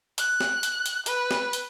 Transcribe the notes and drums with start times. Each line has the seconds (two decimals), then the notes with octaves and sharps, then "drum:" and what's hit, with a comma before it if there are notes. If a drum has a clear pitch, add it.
0.18 F#6, drum: hi-hat
0.40 drum: snare
0.63 drum: hi-hat
0.86 drum: hi-hat
1.06 B4, drum: hi-hat
1.31 drum: snare
1.53 drum: hi-hat